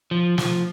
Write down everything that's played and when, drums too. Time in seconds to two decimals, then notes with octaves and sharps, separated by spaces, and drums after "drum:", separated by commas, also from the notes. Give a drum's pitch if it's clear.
0.11 F3
0.38 F3, drum: snare